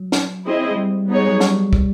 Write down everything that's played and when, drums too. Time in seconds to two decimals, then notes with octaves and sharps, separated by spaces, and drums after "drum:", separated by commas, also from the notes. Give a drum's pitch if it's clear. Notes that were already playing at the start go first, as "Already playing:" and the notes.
Already playing: F#3
0.12 drum: snare
0.44 C4 E4 G#4 C5 D#5
0.71 G#3
0.76 G3
1.08 G3 B3 D#4 G#4 C#5
1.19 G3
1.29 F#3
1.40 G3, drum: snare
1.73 G3, drum: kick